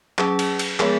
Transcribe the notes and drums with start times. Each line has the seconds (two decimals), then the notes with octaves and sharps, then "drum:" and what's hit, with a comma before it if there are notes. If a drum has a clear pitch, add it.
0.18 F#3 C#4 G#4, drum: clap
0.39 drum: cymbal
0.59 drum: cymbal
0.80 F3 G#3 B3 G#4, drum: clap